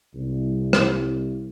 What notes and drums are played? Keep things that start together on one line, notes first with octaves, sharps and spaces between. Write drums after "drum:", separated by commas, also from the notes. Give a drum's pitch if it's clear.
C2
drum: rim click